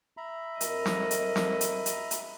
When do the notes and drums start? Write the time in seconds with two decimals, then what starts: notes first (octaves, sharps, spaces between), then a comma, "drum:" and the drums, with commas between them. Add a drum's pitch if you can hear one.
0.17 E5 A#5 B5
0.61 F2 A#4 D#5, drum: hi-hat
0.86 drum: snare
1.11 drum: hi-hat
1.36 drum: snare
1.61 drum: hi-hat
1.86 drum: hi-hat
2.11 drum: hi-hat